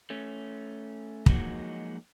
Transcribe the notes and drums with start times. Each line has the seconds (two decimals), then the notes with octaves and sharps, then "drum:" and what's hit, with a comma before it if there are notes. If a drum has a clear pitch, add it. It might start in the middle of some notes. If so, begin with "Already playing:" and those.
0.10 A3 C#4
1.26 F3 F#3 G#3 A#3 D#4 F#4, drum: kick